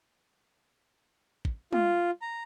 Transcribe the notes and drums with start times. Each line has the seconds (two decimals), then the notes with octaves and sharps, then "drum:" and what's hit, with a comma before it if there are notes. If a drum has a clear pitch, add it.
1.45 drum: kick
1.73 F4, drum: tom
2.22 A#5